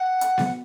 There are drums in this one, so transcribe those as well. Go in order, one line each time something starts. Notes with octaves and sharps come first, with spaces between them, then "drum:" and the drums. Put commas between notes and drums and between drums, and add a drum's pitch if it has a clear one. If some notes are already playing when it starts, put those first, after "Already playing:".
Already playing: F#5
drum: hi-hat
drum: snare B3